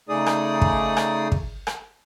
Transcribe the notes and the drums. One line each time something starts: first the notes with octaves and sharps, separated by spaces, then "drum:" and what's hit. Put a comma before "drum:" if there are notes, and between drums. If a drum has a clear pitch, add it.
C#3 A3 D#4 G#4 D5 D#6
drum: rim click
drum: kick
drum: rim click
drum: kick
drum: rim click